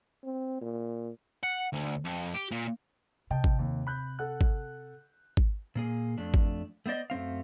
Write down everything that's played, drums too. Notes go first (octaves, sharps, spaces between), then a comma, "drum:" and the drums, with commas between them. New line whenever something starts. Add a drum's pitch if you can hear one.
C4
A#2
F#5
D2
F2
G4
A#2
C3 D#5 G5 A5
drum: kick G#1
D#2
B5 F#6 G6
A4 F#5 F#6
drum: kick G#1
drum: kick G#1
A#2 A#3 G#4
F2 A3 D4
drum: kick G#1
A3 B3 C5 D5 D#5
F#2 A3 C4 F5